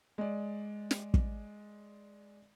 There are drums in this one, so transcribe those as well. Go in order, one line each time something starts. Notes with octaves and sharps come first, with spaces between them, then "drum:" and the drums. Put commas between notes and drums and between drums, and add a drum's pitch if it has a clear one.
G#3 D5
drum: snare
drum: kick